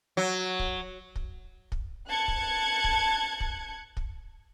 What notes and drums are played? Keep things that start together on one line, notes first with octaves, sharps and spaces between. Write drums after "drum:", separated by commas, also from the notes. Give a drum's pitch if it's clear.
F#3
drum: kick
drum: kick
drum: kick
A5 F#6 G#6 C#7
drum: kick
drum: kick
drum: kick
drum: kick